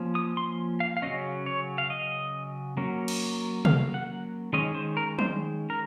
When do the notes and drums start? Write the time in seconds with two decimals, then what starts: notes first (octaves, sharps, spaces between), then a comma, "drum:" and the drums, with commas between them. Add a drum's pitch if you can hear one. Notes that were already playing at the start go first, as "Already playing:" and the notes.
Already playing: F3 A#3 C#4
0.15 D#6
0.37 C6
0.80 F5
0.97 F5
1.02 C#3 F#3 C#4 D#5
1.46 C#5
1.78 F5
1.90 D#5
2.77 F#3 A#3 C#4
3.08 drum: cymbal
3.65 F5, drum: tom C3
3.94 F#5
4.53 D#3 G#3 C#4 D#5
4.75 C5
4.97 A#4
5.19 C5, drum: tom F3
5.70 A#4